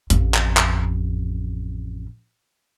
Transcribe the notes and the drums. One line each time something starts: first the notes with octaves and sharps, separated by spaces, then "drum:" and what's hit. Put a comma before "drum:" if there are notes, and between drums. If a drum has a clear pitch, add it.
A1 F2, drum: hi-hat
drum: clap
drum: clap